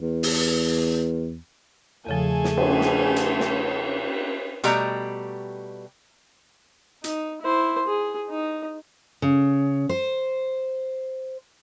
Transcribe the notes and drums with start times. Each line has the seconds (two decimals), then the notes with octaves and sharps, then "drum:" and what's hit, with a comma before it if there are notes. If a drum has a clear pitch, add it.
0.01 E2
0.23 drum: open hi-hat
2.07 E2 C#3 F3 A3 G#4 A4 G#5
2.44 drum: snare
2.57 drum: cymbal
2.81 drum: snare
3.16 drum: hi-hat
3.40 drum: snare
4.64 B2 G3 A3 G4 A#5, drum: hi-hat
7.04 D#4, drum: hi-hat
7.42 E4 C5
7.88 G#4
8.30 D#4
9.22 C#3
9.89 C5